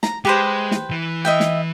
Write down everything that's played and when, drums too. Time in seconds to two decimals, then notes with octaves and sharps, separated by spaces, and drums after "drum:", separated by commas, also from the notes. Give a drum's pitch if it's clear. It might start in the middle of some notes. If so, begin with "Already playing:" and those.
0.03 A#5, drum: snare
0.25 G#3 G4 B4 C5
0.71 drum: snare
0.91 E3
1.25 D#5 E5 G5
1.40 drum: snare